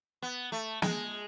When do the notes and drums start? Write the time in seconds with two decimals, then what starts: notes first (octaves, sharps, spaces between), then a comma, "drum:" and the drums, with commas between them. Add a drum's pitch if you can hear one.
0.22 B3
0.52 A3
0.82 G#3, drum: snare